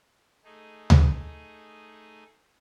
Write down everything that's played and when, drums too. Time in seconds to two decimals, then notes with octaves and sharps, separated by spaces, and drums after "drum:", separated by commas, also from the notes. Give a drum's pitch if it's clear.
0.44 A3 D#4 G#4
0.90 drum: tom D2